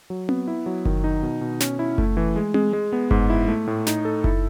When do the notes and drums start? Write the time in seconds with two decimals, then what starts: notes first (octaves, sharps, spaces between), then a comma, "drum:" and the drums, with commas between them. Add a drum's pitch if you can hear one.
0.10 F#3
0.29 B3, drum: tom C4
0.48 E4
0.66 F#3
0.85 D#3, drum: kick F#1
1.04 D#4
1.23 B2
1.41 B2
1.60 C#4, drum: snare
1.79 E4
1.98 A3, drum: kick F#1
2.17 E3
2.36 G#3
2.54 G#3, drum: tom C4
2.73 G#3
2.93 B3
3.11 G#2, drum: kick F#1
3.30 E4
3.48 A3
3.67 A2
3.87 D#4, drum: snare
4.05 A4
4.24 E4, drum: kick F#1